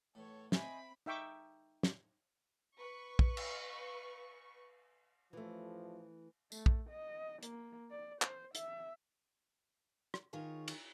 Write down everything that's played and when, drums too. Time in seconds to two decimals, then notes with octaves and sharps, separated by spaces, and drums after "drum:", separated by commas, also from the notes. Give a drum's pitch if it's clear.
0.15 E2 A2 A4 C#5
0.52 C4 D#5 E5 G#5 B5 C#6, drum: snare
1.06 D#4 E5 G5 C#6 D6
1.83 drum: snare
2.78 B4 C#6
3.19 drum: kick
3.37 drum: cymbal
5.33 A1 A2 E3 F3 A3
6.52 A3, drum: tambourine
6.66 drum: kick
6.90 D#5
7.43 A#3, drum: hi-hat
7.91 D5
8.22 C5, drum: clap
8.55 E5, drum: hi-hat
10.14 drum: rim click
10.33 D#3 F4 G#4 C#5
10.68 drum: cymbal